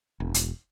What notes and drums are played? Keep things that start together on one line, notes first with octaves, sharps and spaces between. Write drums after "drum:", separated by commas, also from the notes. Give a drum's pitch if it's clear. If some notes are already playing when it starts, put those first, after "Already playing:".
E1
drum: hi-hat